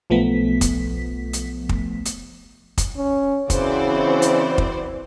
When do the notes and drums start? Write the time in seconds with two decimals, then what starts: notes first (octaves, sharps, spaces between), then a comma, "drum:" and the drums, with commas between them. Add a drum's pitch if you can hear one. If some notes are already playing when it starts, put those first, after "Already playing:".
0.10 B1 F3 A3 B3 B6
0.61 drum: kick, hi-hat
1.33 drum: hi-hat
1.69 drum: kick
2.05 drum: hi-hat
2.78 drum: kick, hi-hat
2.97 C#4
3.50 C#3 E3 C4 F#4 C5 D5, drum: kick, hi-hat
4.22 drum: hi-hat
4.58 drum: kick